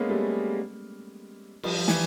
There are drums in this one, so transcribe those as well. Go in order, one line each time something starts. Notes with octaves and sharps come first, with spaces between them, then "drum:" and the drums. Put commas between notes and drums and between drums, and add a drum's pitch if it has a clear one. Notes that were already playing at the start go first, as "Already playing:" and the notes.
Already playing: G#3 A#3 B3 C#4
G3 A3
F3 G3, drum: cymbal
F3
E3, drum: snare